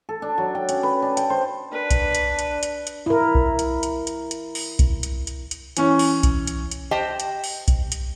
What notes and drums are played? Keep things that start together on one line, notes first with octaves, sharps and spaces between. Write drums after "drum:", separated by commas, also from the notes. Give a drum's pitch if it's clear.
A4
D4
F#3
G5
C#4, drum: hi-hat
B4
D4
G5, drum: hi-hat
C5
D4 B4
drum: kick B1, hi-hat
drum: hi-hat
drum: hi-hat
drum: hi-hat
drum: hi-hat
E4 A#4
drum: kick B1
drum: hi-hat
drum: hi-hat
drum: hi-hat
drum: hi-hat
drum: open hi-hat
drum: kick B1, hi-hat
drum: hi-hat
drum: hi-hat
drum: hi-hat
E3 C#4, drum: hi-hat
drum: open hi-hat
drum: kick B1, hi-hat
drum: hi-hat
drum: hi-hat
G4 C5 D#5 G5 A5
drum: hi-hat
drum: open hi-hat
drum: kick B1, hi-hat
drum: hi-hat